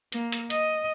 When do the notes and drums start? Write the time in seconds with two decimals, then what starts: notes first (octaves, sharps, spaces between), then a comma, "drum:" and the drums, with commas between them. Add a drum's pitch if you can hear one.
0.12 A#3, drum: hi-hat
0.32 drum: hi-hat
0.50 D#5, drum: hi-hat